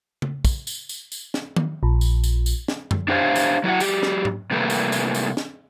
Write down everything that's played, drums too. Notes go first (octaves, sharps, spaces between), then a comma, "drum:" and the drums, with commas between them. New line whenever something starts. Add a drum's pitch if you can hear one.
drum: tom
drum: kick, tambourine
drum: tambourine
drum: tambourine
drum: tambourine
drum: snare
drum: tom D#3
A#1
drum: tambourine
drum: tambourine
drum: tambourine
drum: snare
drum: tom F#2
D4 G4 C5 C#5 F5
drum: tambourine
F#3 E4 F#4 F#5
F#3 G4, drum: tambourine
drum: snare
drum: tom G#2
C3 G3 A3 A#3 A#4 B4
drum: tambourine
drum: tambourine
drum: tambourine
drum: snare